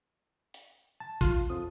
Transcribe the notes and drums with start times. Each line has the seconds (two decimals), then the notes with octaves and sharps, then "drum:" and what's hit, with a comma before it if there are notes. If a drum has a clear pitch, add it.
0.54 drum: hi-hat
1.00 A5
1.21 F4, drum: kick A1
1.50 F2 F3 D#6